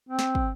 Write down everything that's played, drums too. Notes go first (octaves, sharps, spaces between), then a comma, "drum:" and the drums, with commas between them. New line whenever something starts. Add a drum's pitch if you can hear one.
C4
drum: snare
drum: kick